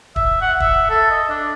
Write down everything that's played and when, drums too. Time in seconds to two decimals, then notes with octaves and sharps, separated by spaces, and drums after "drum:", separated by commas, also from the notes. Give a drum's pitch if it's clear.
0.16 E5, drum: kick
0.42 F#5
0.60 E5, drum: kick
0.90 A4
1.10 D#5
1.30 D4